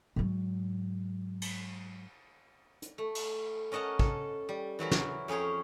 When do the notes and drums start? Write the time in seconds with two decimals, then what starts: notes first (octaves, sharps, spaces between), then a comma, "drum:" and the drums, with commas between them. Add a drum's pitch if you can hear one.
0.16 G#2 F#3
1.42 drum: cymbal
2.82 drum: hi-hat
2.98 A3
3.15 drum: cymbal
3.72 C#4 A#4 D#5 F#5 A5
3.99 A4, drum: kick
4.49 G3
4.79 E3 F#3 E4 A#4
4.91 drum: snare
5.28 F2 C#4 G#4 C#5 G5